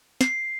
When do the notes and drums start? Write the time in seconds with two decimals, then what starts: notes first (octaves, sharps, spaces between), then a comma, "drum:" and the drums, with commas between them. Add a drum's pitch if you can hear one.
0.21 C7, drum: snare